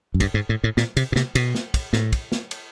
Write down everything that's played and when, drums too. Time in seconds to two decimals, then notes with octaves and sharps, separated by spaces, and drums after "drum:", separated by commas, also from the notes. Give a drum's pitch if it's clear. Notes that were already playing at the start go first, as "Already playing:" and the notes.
0.14 F#2
0.20 G2, drum: kick, cymbal
0.34 G#2
0.49 A2
0.64 A2
0.77 A#2, drum: snare
0.97 C3, drum: cymbal
1.12 B2
1.16 C3, drum: snare
1.35 B2, drum: cymbal
1.55 drum: snare
1.74 drum: kick, cymbal
1.93 A2, drum: snare
2.12 drum: kick, cymbal
2.32 drum: snare
2.51 drum: cymbal